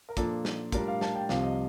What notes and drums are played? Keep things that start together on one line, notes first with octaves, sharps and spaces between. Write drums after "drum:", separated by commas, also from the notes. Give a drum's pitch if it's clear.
A#4
A#2 F3 A#3 D4 F4 A4, drum: kick, hi-hat
drum: snare
A2 G3 D4 F4 A#4, drum: kick, hi-hat
F5
A5, drum: snare
G5
C2 C3 F3 F5, drum: snare
D#5